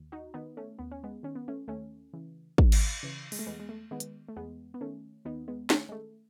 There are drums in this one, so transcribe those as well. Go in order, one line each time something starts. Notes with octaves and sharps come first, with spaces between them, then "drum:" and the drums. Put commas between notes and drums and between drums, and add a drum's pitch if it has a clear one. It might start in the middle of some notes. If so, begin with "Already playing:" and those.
Already playing: D#2
D#4 F#4
D#3 B3 D#4
A3 C#4
D#2 B3
C#4
G#3 B3
D#3 C#4
B3
A3 C#4
D#2 A3 C#4
C#3 E3
D#2, drum: kick
drum: cymbal
C#3 E3
G#3, drum: open hi-hat
A3
E2 G#3 B3
G#3
A3
D#3 G#3 B3
drum: hi-hat
A3
E2 G#3 B3
B3
D#3 A3 C#4
D#2 B3 D#4
G#3 B3
D#3 A3 C#4, drum: snare
G#3
A3